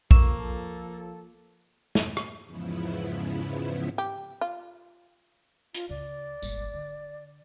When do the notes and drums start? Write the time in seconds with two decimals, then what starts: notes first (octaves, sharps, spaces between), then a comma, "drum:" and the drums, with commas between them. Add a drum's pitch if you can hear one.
0.11 F3 A#3 A4 C#6 E6 E7, drum: kick A#1
1.95 drum: snare
2.17 drum: rim click
2.44 E2 G#2 C#3 F3 B3 E4
3.98 G4
4.41 F4
5.75 F4, drum: hi-hat
5.89 C#2 C#3 D5
6.42 D#1 G#1, drum: tambourine
6.74 D3